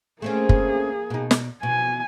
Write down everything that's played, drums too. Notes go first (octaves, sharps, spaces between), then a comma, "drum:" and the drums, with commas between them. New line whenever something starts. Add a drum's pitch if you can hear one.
A3 A#3 C4 C#4 G#4
drum: kick
B2 D#4
drum: snare
B2 G#5